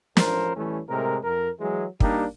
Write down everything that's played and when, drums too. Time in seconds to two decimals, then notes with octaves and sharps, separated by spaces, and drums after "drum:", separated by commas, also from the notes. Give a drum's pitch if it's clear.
0.17 A1 F3 C#4 A#4 C5, drum: snare
0.56 A1 E3 G3 A3 C#4
0.88 A2 C3 G#3 A#4
1.23 F2 A#4
1.59 E3 F#3 G#3
2.00 G3 A#3 D4 D#4 G4, drum: kick